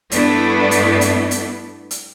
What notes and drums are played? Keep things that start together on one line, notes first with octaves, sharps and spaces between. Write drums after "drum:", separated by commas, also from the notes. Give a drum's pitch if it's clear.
G2 A3 B3 D4 E4, drum: hi-hat
drum: hi-hat
drum: hi-hat
drum: hi-hat
drum: hi-hat